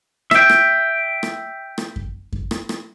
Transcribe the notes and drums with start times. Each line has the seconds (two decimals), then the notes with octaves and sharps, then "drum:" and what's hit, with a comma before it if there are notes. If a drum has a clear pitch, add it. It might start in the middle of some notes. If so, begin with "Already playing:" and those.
0.31 E5 G5, drum: rim click
0.50 drum: rim click
1.23 drum: rim click
1.78 drum: rim click
1.96 drum: kick F#2
2.33 drum: kick F#2
2.51 drum: rim click
2.69 drum: rim click